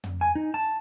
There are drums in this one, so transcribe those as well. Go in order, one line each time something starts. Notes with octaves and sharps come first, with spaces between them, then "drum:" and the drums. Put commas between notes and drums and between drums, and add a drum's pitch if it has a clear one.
drum: tom
G#5
D#4
A5